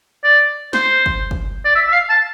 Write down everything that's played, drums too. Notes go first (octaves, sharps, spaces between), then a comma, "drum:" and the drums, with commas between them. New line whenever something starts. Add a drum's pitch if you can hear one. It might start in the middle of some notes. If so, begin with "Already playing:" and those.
D5
C5, drum: snare
drum: kick
drum: kick
D5
E5
E5
F5
A5